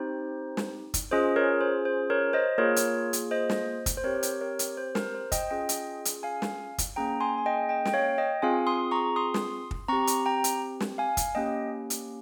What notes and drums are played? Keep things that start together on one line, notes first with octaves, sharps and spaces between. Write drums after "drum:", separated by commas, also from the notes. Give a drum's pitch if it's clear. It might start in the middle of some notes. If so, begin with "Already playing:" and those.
Already playing: C4 D#4 G4 C5
drum: snare
drum: kick, hi-hat
C#4 F4 G#4 C5 D#5
A#4 C#5
C5
C5
A#4 C#5
C5 D#5
A#3 F4 G#4 A#4 C#5
drum: hi-hat
drum: hi-hat
C5 D#5
drum: snare
drum: kick, hi-hat
C5
C4 G4 A#4 C#5
drum: hi-hat
A#4 C#5
drum: hi-hat
C5
A#4, drum: snare
C5
D#5 G5, drum: kick, hi-hat
C#4 F4 G#4 D#5 G5
drum: hi-hat
drum: hi-hat
F5 G#5
drum: snare
drum: kick, hi-hat
A#3 C#4 G#4 G5 A#5
G#5 C6
G#5
D#5 G5
D#5 G5
G5, drum: snare
C#5 F5
D#5 G5
C4 F4 G#4 F5 G#5
C6 D#6
A#5 C#6
C6 D#6
drum: snare
drum: kick
C4 G4 A#5 C#6
drum: hi-hat
G5 A#5
drum: hi-hat
drum: snare
F5 G#5
drum: kick, hi-hat
A#3 C#4 G4 D#5 G5
drum: hi-hat